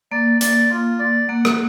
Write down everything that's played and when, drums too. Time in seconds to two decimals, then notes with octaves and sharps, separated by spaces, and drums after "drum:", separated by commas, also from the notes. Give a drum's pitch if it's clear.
0.12 A#3 D5
0.41 D5, drum: hi-hat
0.70 F4
0.99 D5
1.28 A#3 F#5
1.45 drum: rim click